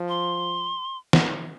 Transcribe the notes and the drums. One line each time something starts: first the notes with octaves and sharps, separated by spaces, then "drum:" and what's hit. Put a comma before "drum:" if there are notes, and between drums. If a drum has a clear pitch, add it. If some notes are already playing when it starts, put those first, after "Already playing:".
Already playing: F3
C6
drum: snare